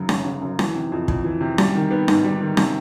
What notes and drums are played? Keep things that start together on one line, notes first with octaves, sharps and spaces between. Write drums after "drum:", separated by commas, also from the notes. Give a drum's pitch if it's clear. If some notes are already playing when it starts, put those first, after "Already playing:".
Already playing: F#2 C#3 F#3
G1, drum: snare C#4
C#3
F#2
E3, drum: snare C#4
C3
F2
F2, drum: kick
E3
C3
G3, drum: snare C#4
D#3
B3
G#2, drum: snare C#4
G3
D#3
C3, drum: snare C#4